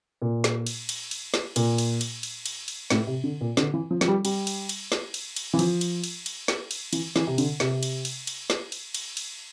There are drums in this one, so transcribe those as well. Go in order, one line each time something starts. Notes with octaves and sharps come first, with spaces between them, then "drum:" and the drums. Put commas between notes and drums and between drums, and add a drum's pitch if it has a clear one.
A#2
drum: snare
drum: cymbal
drum: cymbal
drum: cymbal
drum: snare
A#2, drum: cymbal
drum: cymbal
drum: cymbal
drum: cymbal
drum: cymbal
drum: cymbal
A2, drum: snare
C3
D3
A#2
D3, drum: snare
E3
F3
F3, drum: snare
G3
G3, drum: cymbal
drum: cymbal
drum: cymbal
drum: snare
drum: cymbal
drum: cymbal
E3
F3, drum: cymbal
drum: cymbal
drum: cymbal
drum: cymbal
drum: snare
drum: cymbal
E3, drum: cymbal
E3, drum: snare
C3
D3, drum: cymbal
C3, drum: snare
drum: cymbal
drum: cymbal
drum: cymbal
drum: snare
drum: cymbal
drum: cymbal
drum: cymbal